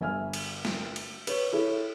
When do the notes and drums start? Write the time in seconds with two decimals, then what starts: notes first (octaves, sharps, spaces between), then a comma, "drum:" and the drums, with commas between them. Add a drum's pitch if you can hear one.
0.01 G1 E5 G#5 F6
0.33 drum: cymbal
0.65 drum: snare
0.96 drum: cymbal
1.27 B4 C#5, drum: cymbal
1.53 E4 A4 C#5